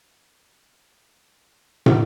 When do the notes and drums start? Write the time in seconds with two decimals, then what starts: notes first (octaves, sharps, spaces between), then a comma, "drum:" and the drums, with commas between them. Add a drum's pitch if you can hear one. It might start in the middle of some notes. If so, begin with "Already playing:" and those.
0.10 G#2 E3 A3
0.40 G2 D3 G3 B3
0.69 G#1 F#2 D#3 G#3
1.86 drum: tom